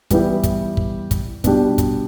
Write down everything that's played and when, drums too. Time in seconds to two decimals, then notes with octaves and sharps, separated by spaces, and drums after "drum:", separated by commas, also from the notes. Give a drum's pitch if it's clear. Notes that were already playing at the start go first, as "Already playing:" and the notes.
0.10 E3 G3 B3 E4 G4, drum: kick, hi-hat
0.44 drum: kick, hi-hat
0.77 drum: kick
1.11 drum: kick, hi-hat
1.44 B2 G3 D4 G4, drum: kick, hi-hat
1.78 drum: kick, hi-hat